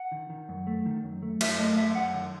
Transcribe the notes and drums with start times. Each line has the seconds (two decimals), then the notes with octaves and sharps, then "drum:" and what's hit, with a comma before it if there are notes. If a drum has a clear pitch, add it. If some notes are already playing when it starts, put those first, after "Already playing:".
Already playing: F#5
0.12 D#3
0.30 D#3
0.49 F#2
0.67 A3
0.86 D#3
1.04 F#2
1.22 A3
1.41 F#2 E5, drum: cymbal
1.58 A3 D#5
1.77 F#2 E5
1.95 F#2 F#5
2.14 D#3